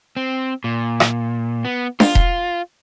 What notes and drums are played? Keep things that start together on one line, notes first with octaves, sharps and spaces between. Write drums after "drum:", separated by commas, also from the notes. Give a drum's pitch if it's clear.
C4
A#2
drum: rim click
B3
F4, drum: snare D4
drum: kick E1